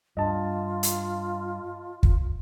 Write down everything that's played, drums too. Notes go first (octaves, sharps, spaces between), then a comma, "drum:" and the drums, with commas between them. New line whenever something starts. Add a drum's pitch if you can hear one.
G2 D4 F4 D#5 A5
drum: hi-hat
drum: kick